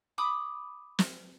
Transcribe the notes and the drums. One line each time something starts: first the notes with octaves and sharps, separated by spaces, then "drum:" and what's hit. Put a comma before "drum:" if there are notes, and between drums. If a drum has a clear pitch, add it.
B5 D6 D#6
drum: snare